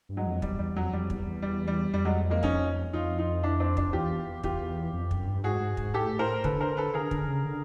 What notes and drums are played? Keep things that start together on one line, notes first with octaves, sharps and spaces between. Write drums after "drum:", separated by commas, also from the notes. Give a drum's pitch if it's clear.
G2
F#3 G#3
F2
E2 G3, drum: kick
E2 G3
F2 F#3
F2 G3
E2, drum: kick
E2
G3
G3
F2 G3
F#3 G#3
G#3 A#3
C#4 D#4, drum: kick
F2 D#4 F4
D#4 F4
D4 E4
C4 D4
C4 D4, drum: kick
E2 F4 G4
E2 F4 G4, drum: kick
F2
F#2, drum: kick
G2
G#2 F#4 G#4
G#2
G#2, drum: kick
A2 G4 A4
A#4 C5
D3 A4 B4, drum: kick
A#4 C5
A4 B4
D3 G#4 A#4
D3, drum: kick
C#3
D3